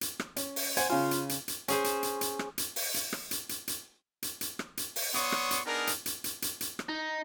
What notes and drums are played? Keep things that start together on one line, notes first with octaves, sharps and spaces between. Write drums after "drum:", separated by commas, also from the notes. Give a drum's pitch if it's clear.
drum: hi-hat
drum: rim click
C#4, drum: hi-hat
drum: open hi-hat
C5 F#5 G#5, drum: hi-hat
C#3 F4 G#5
drum: hi-hat
drum: hi-hat
drum: hi-hat
C#4 G#4 C5, drum: hi-hat
drum: hi-hat
drum: hi-hat
drum: hi-hat
drum: rim click
drum: hi-hat
drum: open hi-hat
drum: hi-hat
drum: rim click
drum: hi-hat
drum: hi-hat
drum: hi-hat
drum: hi-hat
drum: hi-hat
drum: rim click
drum: hi-hat
drum: open hi-hat
B3 C#5 D5 C6 C#6 D#6, drum: hi-hat
drum: rim click
drum: hi-hat
B3 D4 D#4 G#4 A#4
drum: hi-hat
drum: hi-hat
drum: hi-hat
drum: hi-hat
drum: hi-hat
drum: rim click
D#4